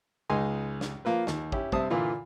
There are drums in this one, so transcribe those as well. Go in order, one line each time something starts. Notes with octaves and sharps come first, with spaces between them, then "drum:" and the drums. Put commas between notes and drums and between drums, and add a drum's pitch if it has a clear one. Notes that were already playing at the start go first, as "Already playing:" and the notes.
C#2 G#3 D#4 G#4 G#5 C6
drum: snare
F3 A#3 F4 B4
D#2, drum: snare
C#4 E4 G4, drum: kick
G2 C3 C4 E5 A5 D#6, drum: kick
A#2 D3 E3 F4